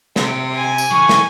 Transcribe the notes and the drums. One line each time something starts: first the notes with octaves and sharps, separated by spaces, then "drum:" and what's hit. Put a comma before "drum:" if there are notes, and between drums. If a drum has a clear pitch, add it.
C3 E5 G5, drum: snare
G#5
drum: tambourine
D3 F3 C#6
drum: snare